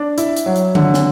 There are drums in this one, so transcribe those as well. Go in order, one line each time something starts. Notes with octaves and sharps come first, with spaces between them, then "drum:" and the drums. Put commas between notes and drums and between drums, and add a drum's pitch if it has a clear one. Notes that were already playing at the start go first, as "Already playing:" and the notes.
Already playing: D4
E4, drum: hi-hat
drum: hi-hat
F#3
drum: hi-hat
D3, drum: tom D3
drum: snare